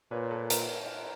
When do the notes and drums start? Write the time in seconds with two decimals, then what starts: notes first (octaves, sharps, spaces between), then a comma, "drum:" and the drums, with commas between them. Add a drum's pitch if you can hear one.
0.11 A#2 B4 C#5
0.31 A4 B4
0.50 A#4 C5, drum: hi-hat